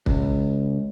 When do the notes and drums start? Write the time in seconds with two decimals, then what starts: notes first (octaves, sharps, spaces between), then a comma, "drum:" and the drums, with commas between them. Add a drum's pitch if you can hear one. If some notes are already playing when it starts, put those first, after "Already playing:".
0.06 C#2, drum: kick